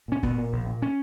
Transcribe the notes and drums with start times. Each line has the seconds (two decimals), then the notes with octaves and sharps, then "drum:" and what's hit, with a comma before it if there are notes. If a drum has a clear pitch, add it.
0.08 A#2 C#4
0.23 A#2 B3, drum: kick
0.37 A#2
0.52 A#1
0.67 A#2
0.82 C#4